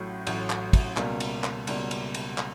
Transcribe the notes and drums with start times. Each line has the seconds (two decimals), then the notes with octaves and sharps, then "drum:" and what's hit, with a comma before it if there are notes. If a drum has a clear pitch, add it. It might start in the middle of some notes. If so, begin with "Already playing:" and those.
Already playing: A1 A2 F#3
0.27 A1 A2 F#3, drum: cymbal
0.50 drum: clap
0.73 drum: kick, cymbal
0.97 C#2 B2 G3 A#3, drum: clap
1.20 drum: cymbal
1.44 drum: clap
1.67 C#2 B2 G3 A#3, drum: cymbal
1.91 drum: cymbal
2.14 drum: cymbal
2.38 drum: clap